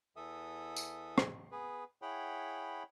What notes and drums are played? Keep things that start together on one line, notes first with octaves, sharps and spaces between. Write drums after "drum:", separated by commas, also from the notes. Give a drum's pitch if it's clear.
E2 E3 A4 E5 D#6
drum: tambourine
drum: rim click
B3 G#4 B4
E4 G#4 C#5 F#5 G5 B5